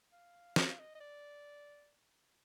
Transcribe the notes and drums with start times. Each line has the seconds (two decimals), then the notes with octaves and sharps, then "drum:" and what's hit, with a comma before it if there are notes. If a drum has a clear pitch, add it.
0.12 F5
0.56 F5, drum: snare
0.79 D#5
0.95 D#5
1.01 D5